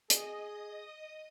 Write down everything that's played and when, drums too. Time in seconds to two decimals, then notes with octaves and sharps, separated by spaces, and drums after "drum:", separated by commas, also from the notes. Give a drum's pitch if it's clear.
0.10 G#4 D#5 D#6, drum: hi-hat